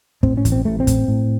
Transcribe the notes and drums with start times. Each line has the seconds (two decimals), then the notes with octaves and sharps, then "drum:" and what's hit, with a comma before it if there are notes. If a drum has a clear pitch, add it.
0.23 A2 C4, drum: kick
0.37 C#4
0.45 A1, drum: kick, hi-hat
0.52 C4
0.65 A1 A3
0.80 C4
0.87 A2, drum: kick, hi-hat
1.08 A2